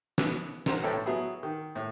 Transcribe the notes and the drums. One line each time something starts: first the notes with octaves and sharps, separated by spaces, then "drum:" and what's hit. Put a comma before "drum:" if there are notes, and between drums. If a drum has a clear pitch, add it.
B3, drum: snare
A#4 C5 F#5 A#5, drum: snare
A#1 A2 A4 B4 C#5 G5
F#3 B3 E4 F#4 G#4
D#3
A2